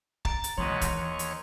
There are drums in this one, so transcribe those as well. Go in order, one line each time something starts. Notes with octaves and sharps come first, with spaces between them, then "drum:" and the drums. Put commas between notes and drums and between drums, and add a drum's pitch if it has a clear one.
A#5 A6 D7, drum: kick
drum: hi-hat
D#2 G#2 B2 E3 C#5 C6 D#7
drum: kick, hi-hat
D#2
drum: hi-hat